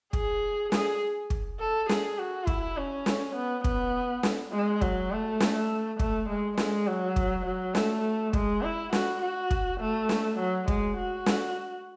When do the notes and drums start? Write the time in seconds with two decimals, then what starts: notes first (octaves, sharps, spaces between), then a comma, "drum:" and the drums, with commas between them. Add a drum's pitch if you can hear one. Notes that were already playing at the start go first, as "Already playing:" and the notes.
0.13 G#4, drum: kick
0.72 G#4, drum: snare
1.30 drum: kick
1.59 A4
1.89 G#4, drum: snare
2.18 F#4
2.47 E4, drum: kick
2.77 C#4
3.06 drum: snare
3.35 B3
3.64 B3, drum: kick
4.23 drum: snare
4.52 G#3
4.81 F#3, drum: kick
5.11 A3
5.40 drum: snare
5.99 A3, drum: kick
6.29 G#3
6.58 G#3, drum: snare
6.87 F#3
7.16 drum: kick
7.45 F#3
7.75 A3, drum: snare
8.33 G#3, drum: kick
8.63 E4
8.93 F#4, drum: snare
9.21 F#4
9.51 drum: kick
9.80 A3
10.09 drum: snare
10.39 F#3
10.68 G#3, drum: kick
10.97 F#4
11.26 drum: snare